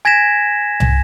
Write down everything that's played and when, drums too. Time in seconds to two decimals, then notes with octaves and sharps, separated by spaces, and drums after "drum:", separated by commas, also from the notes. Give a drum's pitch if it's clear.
0.05 G#5 G#6 A#6 B6 E7
0.80 drum: tom C2